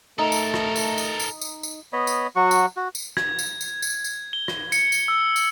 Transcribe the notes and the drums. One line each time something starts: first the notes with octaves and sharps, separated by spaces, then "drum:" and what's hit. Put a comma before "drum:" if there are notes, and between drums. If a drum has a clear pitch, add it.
A3 D#4 A4 A#4
drum: tambourine
drum: rim click
drum: tambourine
drum: tambourine
drum: tambourine
drum: tambourine
drum: tambourine
B3 C#5 D#5 B5
drum: tambourine
F#3 F#4 C#6
drum: tambourine
F#4
drum: tambourine
G#6, drum: rim click
drum: tambourine
drum: tambourine
drum: tambourine
drum: tambourine
G7
drum: rim click
C#7, drum: tambourine
drum: tambourine
E6
drum: tambourine